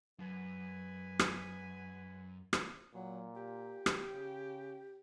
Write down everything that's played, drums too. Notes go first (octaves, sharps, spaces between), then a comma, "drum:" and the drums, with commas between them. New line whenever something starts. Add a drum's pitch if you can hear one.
F#2 G#3 B4 G#5
drum: rim click
drum: rim click
A#2 F#3
G4
drum: rim click
C#3